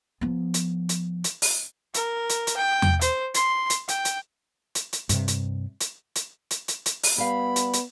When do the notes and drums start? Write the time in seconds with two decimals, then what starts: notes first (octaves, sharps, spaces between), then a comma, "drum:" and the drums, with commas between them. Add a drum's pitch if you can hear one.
0.21 F3 B3
0.54 drum: hi-hat
0.89 drum: hi-hat
1.24 drum: hi-hat
1.42 drum: open hi-hat
1.94 A#4, drum: hi-hat
2.30 drum: hi-hat
2.47 drum: hi-hat
2.57 G5
2.82 drum: tom E2
3.01 C5, drum: hi-hat
3.35 C6, drum: hi-hat
3.70 drum: hi-hat
3.89 G5, drum: hi-hat
4.05 drum: hi-hat
4.75 drum: hi-hat
4.93 drum: hi-hat
5.09 G2 C3, drum: hi-hat
5.28 drum: hi-hat
5.81 drum: hi-hat
6.16 drum: hi-hat
6.51 drum: hi-hat
6.68 drum: hi-hat
6.86 drum: hi-hat
7.03 drum: open hi-hat
7.18 G3 B3 F5 B5
7.56 drum: hi-hat
7.74 drum: hi-hat